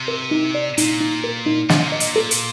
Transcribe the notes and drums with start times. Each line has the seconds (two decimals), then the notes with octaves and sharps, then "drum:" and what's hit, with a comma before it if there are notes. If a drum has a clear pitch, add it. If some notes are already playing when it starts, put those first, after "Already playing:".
Already playing: C3
0.08 A#4
0.31 D#4
0.55 D5
0.78 A#2 D#4, drum: hi-hat
1.00 D#4
1.24 A#4
1.46 D#4
1.69 A#2 D4, drum: snare
1.78 C3
1.87 A#2 D#5
2.00 drum: hi-hat
2.16 A4
2.31 drum: hi-hat